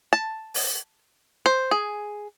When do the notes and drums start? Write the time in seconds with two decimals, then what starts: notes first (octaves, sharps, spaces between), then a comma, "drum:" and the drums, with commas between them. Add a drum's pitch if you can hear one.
0.13 A5
0.54 drum: open hi-hat
1.46 C5
1.71 G#4